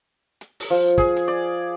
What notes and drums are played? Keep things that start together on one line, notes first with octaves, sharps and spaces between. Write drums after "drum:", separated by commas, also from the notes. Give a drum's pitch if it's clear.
drum: hi-hat
drum: open hi-hat
F3
G#4, drum: kick, hi-hat
drum: hi-hat
D5